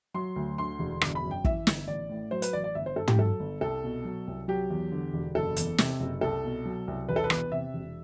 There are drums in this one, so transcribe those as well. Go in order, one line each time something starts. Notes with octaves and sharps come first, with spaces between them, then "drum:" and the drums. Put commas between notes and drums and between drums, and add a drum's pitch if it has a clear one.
F#3 C6
D2
D3 C6
E1
G1, drum: rim click
B5
F#2
G5
E3 E5, drum: kick
G1, drum: snare
A1 D5
A2
F#3 C5
B4, drum: hi-hat
A1 D5
D5
G1 E5
C5
G2 A4
G4, drum: tom
F#3 A4
G1
C2 A4
B2
F#3
C2
F#3 G4
E2
D3
E1
F#1 A4
E2, drum: hi-hat
C3, drum: snare
F#1
C2 A4
B2
F#3
C2
E1 B4
A4
B4
E2, drum: rim click
C3 E5
E1